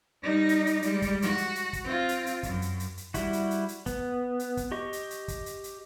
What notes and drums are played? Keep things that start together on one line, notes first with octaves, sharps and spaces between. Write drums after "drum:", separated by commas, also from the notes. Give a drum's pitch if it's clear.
G3 D#4
drum: hi-hat
drum: hi-hat
G3 G#3, drum: hi-hat
drum: kick, hi-hat
F#4, drum: hi-hat
drum: hi-hat
drum: hi-hat
drum: kick, hi-hat
C4 F4
drum: hi-hat
drum: hi-hat
F#2, drum: kick, hi-hat
drum: hi-hat
drum: hi-hat
drum: hi-hat
G3 E4 F#4, drum: kick, hi-hat
drum: hi-hat
drum: hi-hat
drum: hi-hat
B3, drum: kick, hi-hat
drum: hi-hat
drum: kick, hi-hat
G4 D#5 C#6
drum: hi-hat
drum: hi-hat
drum: kick, hi-hat
drum: hi-hat
drum: hi-hat